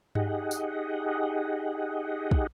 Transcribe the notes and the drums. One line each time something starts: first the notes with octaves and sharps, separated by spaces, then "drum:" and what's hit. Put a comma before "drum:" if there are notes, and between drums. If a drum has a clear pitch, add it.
D#4 G4 G#4 D#5 F#5, drum: tom G2
drum: tambourine
drum: kick